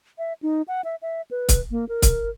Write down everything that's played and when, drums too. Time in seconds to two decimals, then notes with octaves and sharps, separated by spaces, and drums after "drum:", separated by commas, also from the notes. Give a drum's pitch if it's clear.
0.18 E5
0.43 D#4
0.68 F#5
0.84 E5
1.02 E5
1.31 B4
1.49 drum: kick C#1, hi-hat
1.71 A#3
1.89 A#4
2.02 drum: kick C#1, hi-hat